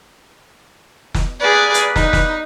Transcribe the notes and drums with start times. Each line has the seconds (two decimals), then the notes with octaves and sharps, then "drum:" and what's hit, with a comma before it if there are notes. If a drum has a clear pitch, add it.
1.14 drum: snare
1.41 G3 A#3 G#4 B4 D5
1.74 drum: hi-hat
1.96 D#4, drum: snare
2.13 drum: snare